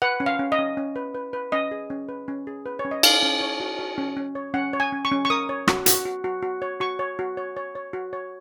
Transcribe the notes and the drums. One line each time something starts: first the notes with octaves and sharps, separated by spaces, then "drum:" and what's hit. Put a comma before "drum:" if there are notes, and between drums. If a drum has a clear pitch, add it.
B4 F#5
C#4
F5
C#4
D#5
C#4
C#4
B4
B4
B4
C#4 D#5
G#4
C#4
B4
C#4
G#4
B4
C#5
C#4
D#5
A#4 F5, drum: cymbal
C#4
C#5
F#4
F#4
C#4
C#4
C#5
C#4 F#5
C#5
G#5
C#4
C#6
C#4
C#6
A#4 D#6
C#5
F#4, drum: rim click
F#4, drum: hi-hat
F#4
F#4
F#4
C#5
F#4 C#6
C#5
F#4
C#5
C#5
C#5
F#4
C#5